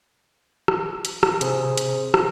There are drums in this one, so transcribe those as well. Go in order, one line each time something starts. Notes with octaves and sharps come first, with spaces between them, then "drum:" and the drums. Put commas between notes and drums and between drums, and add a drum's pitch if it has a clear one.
drum: rim click
drum: hi-hat
drum: rim click
C3 G#4 C5, drum: hi-hat
drum: hi-hat
drum: rim click